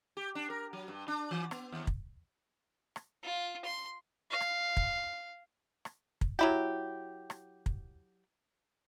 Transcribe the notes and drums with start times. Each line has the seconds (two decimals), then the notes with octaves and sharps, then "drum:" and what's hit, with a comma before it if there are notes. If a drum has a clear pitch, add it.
0.17 G4
0.35 D4
0.50 A#4
0.73 F#3
0.88 G2
1.08 D4
1.31 E3
1.51 B3, drum: rim click
1.72 D#2
1.87 drum: kick
2.96 drum: rim click
3.23 F4
3.65 C6
4.30 F5
4.40 drum: rim click
4.77 drum: kick
5.85 drum: rim click
6.21 drum: kick
6.39 F#3 E4 G4
7.30 drum: rim click
7.66 drum: kick